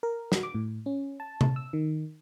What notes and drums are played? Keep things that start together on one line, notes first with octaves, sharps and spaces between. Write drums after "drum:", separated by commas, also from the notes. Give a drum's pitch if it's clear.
A#4
F#4, drum: snare
D6
A2
C#4
A5
drum: tom C3
E6
D#3